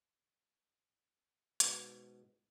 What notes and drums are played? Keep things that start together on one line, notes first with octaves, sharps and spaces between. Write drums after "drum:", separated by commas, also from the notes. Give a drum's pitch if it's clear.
G#2 B2, drum: hi-hat